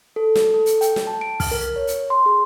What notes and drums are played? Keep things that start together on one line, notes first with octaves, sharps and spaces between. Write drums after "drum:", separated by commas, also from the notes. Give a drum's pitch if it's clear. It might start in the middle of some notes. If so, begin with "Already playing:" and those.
A4
drum: snare
A4
drum: hi-hat
G5, drum: hi-hat
drum: snare
A5
D7
F6, drum: kick, open hi-hat
A#4
C#5
drum: hi-hat
C6
G#4